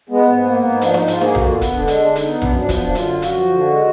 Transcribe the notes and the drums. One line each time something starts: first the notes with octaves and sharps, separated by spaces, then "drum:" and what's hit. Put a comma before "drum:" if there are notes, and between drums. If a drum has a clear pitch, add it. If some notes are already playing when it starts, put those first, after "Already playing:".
G#3 B3
G#2
A#3
G#2
F3 D4, drum: hi-hat
G#2 D#4, drum: snare D4
F4, drum: hi-hat
A#3
G#4, drum: snare D4
D3 F#4, drum: tom A#1
B3 F4
drum: kick, hi-hat
D3 D4
G#3 D4, drum: hi-hat
D3
D#4, drum: hi-hat
B3
F#2 D4, drum: tom A#1
F3 D4
B3, drum: kick, hi-hat
F#2 D4
D3 F4, drum: hi-hat
F#2
F#4, drum: hi-hat
F3
D3
G#3